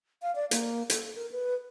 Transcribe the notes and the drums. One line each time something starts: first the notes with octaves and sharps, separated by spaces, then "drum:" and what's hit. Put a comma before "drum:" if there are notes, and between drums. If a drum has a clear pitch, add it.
F5
D5
A#3, drum: hi-hat
A4, drum: hi-hat
A#4
B4